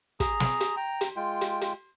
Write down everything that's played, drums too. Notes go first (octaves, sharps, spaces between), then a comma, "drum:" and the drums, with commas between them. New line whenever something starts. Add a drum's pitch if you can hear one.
G#4 A#5, drum: kick, hi-hat
drum: snare
drum: hi-hat
G5 A#5
drum: hi-hat
G#3 F4 G5
drum: hi-hat
drum: hi-hat